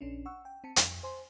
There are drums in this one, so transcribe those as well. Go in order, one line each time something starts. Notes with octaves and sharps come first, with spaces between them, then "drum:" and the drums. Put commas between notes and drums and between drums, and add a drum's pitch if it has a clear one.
A#1 C#4 D4
F#5 C#6 E6
G5
C4 A5 C#7
F2, drum: hi-hat
C5 G#5 C6